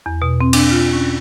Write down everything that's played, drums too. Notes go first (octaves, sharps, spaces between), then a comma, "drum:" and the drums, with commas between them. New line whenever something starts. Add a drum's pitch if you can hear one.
E2
B2
C4
D4, drum: cymbal
F4
C#4